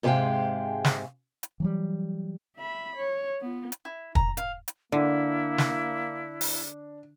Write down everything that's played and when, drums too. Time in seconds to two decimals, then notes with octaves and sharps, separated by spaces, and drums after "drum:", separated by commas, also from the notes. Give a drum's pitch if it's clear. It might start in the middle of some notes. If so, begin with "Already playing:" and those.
0.03 G#2 C3 G#3 G4 F5 G5
0.85 drum: snare
1.43 drum: hi-hat
1.60 E3 F#3 G3
2.57 E5 B5
2.96 C#5
3.41 B3 F4
3.72 drum: hi-hat
3.85 E4
4.15 A#5, drum: kick
4.37 F5, drum: hi-hat
4.68 drum: hi-hat
4.92 D3 A#3 D4 E4
5.58 drum: snare
6.41 drum: open hi-hat